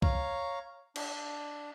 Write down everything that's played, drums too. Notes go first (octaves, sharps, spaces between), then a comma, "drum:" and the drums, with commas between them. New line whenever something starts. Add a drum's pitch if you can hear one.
C#5 F5 A#5, drum: kick C2
D4, drum: cymbal